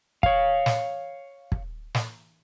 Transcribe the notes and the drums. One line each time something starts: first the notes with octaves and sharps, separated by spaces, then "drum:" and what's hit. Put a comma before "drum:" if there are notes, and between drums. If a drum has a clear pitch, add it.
C#5 F5, drum: kick
drum: snare
drum: kick
drum: snare